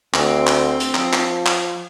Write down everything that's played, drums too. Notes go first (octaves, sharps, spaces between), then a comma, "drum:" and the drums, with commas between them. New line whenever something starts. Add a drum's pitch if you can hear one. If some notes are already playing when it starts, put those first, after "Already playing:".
D2 C4, drum: clap
drum: clap
drum: hi-hat
F3, drum: clap
drum: clap
drum: clap